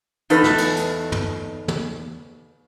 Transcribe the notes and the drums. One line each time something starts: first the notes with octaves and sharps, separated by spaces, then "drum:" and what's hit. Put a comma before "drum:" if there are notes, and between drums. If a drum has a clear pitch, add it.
E2 D#4 A4 B4, drum: hi-hat
drum: snare
drum: cymbal
drum: hi-hat
drum: tom
drum: tom